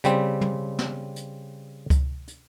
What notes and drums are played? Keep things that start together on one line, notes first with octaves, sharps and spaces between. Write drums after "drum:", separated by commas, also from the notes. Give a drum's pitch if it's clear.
C#3 G3 C4, drum: hi-hat
drum: tom
drum: snare
drum: hi-hat
drum: kick C#2, hi-hat
drum: hi-hat